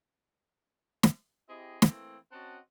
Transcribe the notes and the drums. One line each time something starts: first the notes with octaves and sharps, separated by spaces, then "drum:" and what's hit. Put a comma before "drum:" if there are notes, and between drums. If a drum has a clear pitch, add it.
drum: snare
C4 E4 G4 G#4 D#5
E3 A3 A#3 C4, drum: snare
C4 C#4 F#4 D#5 F#5 A5